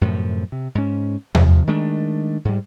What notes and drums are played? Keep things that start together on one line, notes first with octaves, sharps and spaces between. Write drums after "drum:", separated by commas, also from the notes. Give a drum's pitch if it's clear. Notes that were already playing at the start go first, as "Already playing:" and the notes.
F#2 A2 C3 F3
C3
G#2 C#4
C3 F3, drum: tom E2
D#3 G#3 A3 D4
G#2 G3